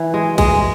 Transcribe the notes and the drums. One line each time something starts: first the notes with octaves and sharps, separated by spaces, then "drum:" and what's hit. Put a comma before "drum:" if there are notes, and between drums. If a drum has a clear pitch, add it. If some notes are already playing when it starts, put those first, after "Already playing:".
Already playing: E3
G#3
G#3, drum: kick, cymbal